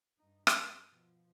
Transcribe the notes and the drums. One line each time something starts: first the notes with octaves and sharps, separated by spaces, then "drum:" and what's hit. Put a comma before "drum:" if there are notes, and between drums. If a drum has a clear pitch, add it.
G2 D#4
A#4, drum: rim click
B2 F3